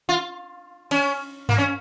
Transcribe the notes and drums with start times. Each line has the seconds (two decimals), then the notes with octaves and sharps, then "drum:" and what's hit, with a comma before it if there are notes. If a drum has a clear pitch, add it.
0.09 F4
0.91 C#4, drum: cymbal
1.49 A#3, drum: tom G2
1.58 C#4